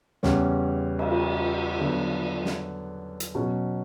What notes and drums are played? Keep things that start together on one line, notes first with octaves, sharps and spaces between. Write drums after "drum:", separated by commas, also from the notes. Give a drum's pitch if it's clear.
E2 C#3 G3 C#4, drum: snare
drum: cymbal
D3 F#3 B3
drum: snare
drum: hi-hat
B2 F#3 C#4